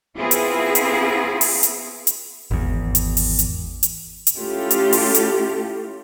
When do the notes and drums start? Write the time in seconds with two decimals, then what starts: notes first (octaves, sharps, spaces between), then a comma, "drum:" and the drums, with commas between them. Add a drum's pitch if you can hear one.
0.16 B3 C4 E4 F4 G#4
0.31 drum: hi-hat
0.75 drum: hi-hat
1.41 drum: open hi-hat
1.63 drum: hi-hat
2.07 drum: hi-hat
2.51 G#1 E2
2.95 drum: hi-hat
3.17 drum: open hi-hat
3.39 drum: hi-hat
3.83 drum: hi-hat
4.27 drum: hi-hat
4.36 A3 C#4 E4 F4 G4 A4
4.71 drum: hi-hat
4.93 drum: open hi-hat
5.15 drum: hi-hat